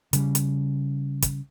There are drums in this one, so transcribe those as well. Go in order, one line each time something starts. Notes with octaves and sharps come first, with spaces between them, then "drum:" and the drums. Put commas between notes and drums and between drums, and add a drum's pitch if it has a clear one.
C#3 G3, drum: hi-hat
drum: hi-hat
drum: kick, hi-hat